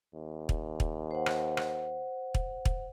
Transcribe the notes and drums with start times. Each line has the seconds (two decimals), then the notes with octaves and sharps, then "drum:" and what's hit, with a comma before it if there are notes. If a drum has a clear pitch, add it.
0.15 D#2
0.49 drum: kick
0.80 drum: kick
1.11 C5 F#5
1.26 drum: rim click
1.57 drum: rim click
2.34 drum: kick
2.65 drum: kick